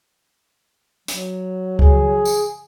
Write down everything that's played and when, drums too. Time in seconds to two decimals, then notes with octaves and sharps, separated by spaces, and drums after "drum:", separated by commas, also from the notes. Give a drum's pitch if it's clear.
1.08 F#3, drum: hi-hat
1.79 G#4, drum: kick C#2
2.25 drum: tambourine